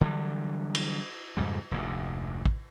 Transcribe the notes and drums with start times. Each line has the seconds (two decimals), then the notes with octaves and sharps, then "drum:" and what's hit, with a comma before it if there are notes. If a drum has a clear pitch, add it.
0.01 D3 E3 F#3 G3
0.75 drum: cymbal
1.37 F2 G#2 C#3 G3
1.71 F1 D2 G#2
2.45 drum: kick